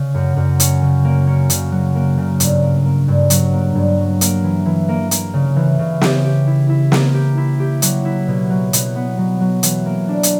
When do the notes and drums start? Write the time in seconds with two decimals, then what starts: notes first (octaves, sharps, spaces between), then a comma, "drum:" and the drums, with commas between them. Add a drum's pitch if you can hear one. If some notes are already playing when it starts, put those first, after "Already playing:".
Already playing: C#3
0.14 F#2
0.36 F#2
0.60 C#4, drum: hi-hat
0.82 C#3
1.04 A#3
1.27 C#4
1.50 C#3, drum: hi-hat
1.72 F#3
1.95 A#3
2.17 C#3
2.40 G2, drum: hi-hat
2.63 A#3
2.85 A#3
3.08 G2
3.30 F#3, drum: hi-hat
3.53 A#3
3.75 G2
3.98 F#3
4.21 A#3, drum: hi-hat
4.44 E3
4.66 E3
4.89 A#3
5.11 A#3, drum: hi-hat
5.34 C#3
5.56 E3
5.79 C#3
6.01 G4, drum: snare
6.24 G4
6.47 E4
6.69 E4
6.92 A#3, drum: snare
7.14 G4
7.37 E4
7.59 G4
7.82 F#3, drum: hi-hat
8.05 E4
8.27 B2
8.50 F#3
8.73 B2, drum: hi-hat
8.95 B3
9.18 F#3
9.41 F#3
9.63 E3, drum: hi-hat
9.86 A#3
10.09 D4
10.23 drum: hi-hat